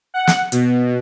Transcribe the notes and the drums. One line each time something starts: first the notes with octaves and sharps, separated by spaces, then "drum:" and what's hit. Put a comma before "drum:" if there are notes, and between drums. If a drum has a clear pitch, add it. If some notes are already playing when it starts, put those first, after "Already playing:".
F#5
drum: snare
B2, drum: hi-hat